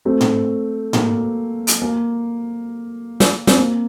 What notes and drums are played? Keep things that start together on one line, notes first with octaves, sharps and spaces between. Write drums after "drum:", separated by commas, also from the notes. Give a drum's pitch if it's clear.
A3 C4
drum: tom
A#3, drum: tom
drum: hi-hat
A#3
drum: snare
C4, drum: snare
A#3